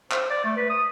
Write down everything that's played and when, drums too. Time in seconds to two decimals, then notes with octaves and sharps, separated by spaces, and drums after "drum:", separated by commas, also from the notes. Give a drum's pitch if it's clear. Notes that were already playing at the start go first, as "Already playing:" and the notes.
0.12 C5, drum: clap
0.30 D5
0.45 A3
0.57 B4
0.70 D#6